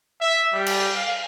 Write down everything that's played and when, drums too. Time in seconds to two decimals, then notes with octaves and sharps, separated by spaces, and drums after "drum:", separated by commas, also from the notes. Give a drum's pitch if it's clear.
0.20 E5
0.53 G3
0.66 drum: cymbal
0.94 F5